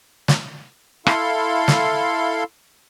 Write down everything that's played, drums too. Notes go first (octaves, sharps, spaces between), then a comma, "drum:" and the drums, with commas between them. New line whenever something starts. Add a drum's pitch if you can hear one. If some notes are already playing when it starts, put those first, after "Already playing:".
drum: snare
E4 A4 F5 C6, drum: rim click
drum: snare